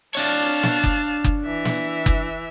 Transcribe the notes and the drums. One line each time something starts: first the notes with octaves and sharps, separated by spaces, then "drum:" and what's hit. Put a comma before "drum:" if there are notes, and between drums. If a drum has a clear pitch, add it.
D4 C#5 F5 A5
drum: snare
drum: kick F#1
drum: kick F#1
E3 E5
drum: snare
drum: kick F#1